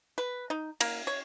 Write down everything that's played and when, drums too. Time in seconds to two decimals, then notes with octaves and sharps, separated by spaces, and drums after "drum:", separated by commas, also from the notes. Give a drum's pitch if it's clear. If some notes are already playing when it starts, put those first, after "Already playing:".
0.18 B4
0.50 D#4
0.81 A#3, drum: cymbal
1.07 C#5